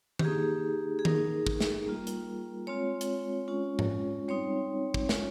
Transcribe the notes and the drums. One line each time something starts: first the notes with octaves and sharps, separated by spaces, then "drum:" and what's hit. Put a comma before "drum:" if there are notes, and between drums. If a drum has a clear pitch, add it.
G4, drum: tom D#3
A#3 D#4 G#4
G#4
A#3 D#4 A#4, drum: tom D#3
drum: kick
drum: snare
G3 A#3 F4
drum: hi-hat
G#3 C4 F4 C#5
drum: hi-hat
G#3 C#4 F4
drum: tom G#2
G3 C4 D#4 C#5
drum: kick
G#3 C#4 F4, drum: snare